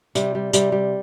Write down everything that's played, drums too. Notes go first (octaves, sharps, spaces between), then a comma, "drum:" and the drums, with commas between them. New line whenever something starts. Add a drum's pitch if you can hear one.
C3 G3, drum: hi-hat
G3
C3 G3, drum: hi-hat
G3